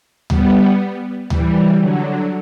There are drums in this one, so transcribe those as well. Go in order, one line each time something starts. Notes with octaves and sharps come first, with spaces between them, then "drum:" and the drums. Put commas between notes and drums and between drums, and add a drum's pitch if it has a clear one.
G3 B3, drum: tom D2
E3 G3, drum: tom D2
D3 F#3